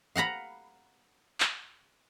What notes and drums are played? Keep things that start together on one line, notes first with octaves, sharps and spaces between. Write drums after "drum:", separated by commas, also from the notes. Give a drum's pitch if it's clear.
F5 F#5 A#5 B5
drum: clap